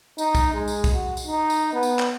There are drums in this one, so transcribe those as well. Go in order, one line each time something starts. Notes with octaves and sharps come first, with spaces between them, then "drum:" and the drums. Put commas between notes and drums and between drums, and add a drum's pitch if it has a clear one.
D#4, drum: tambourine
drum: kick C2, tambourine
G#3
drum: tambourine
drum: kick C2, tambourine
F#4
drum: tambourine
D#4
drum: tambourine
B3
drum: tambourine
drum: clap